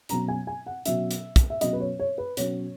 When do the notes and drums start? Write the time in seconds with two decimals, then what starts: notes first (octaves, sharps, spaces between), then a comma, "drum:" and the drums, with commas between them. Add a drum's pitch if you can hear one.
0.09 B2 F#3 C#4 A#5, drum: hi-hat
0.28 G#5
0.47 G#5
0.66 F#5
0.85 B2 F#3 C#4 E5, drum: hi-hat
1.11 drum: hi-hat
1.36 drum: kick, hi-hat
1.50 E5
1.61 B2 F#3 C#4 D#5, drum: hi-hat
1.73 B4
1.80 C#5
1.99 C#5
2.18 B4
2.37 B2 F#3 C#4 C#5, drum: hi-hat